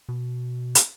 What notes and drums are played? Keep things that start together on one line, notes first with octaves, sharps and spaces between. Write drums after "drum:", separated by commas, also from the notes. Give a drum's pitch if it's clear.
B2
drum: hi-hat